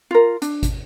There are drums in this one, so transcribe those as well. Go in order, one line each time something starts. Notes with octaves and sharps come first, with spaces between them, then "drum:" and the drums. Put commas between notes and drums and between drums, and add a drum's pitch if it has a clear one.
F4 A#4
D4, drum: hi-hat
drum: kick G#1, hi-hat